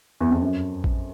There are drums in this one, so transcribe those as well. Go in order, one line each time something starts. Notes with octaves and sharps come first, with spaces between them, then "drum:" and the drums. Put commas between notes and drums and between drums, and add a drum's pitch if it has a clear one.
E2
F2
F#2
drum: kick A1